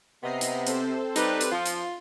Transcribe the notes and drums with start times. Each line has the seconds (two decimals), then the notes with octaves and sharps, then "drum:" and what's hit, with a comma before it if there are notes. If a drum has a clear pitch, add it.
0.23 C3 B3 D#5 A#5 C7
0.41 drum: hi-hat
0.67 C4 A4 C5, drum: hi-hat
1.16 G3 D#4 B4, drum: hi-hat
1.41 drum: hi-hat
1.52 F3 F4
1.66 drum: hi-hat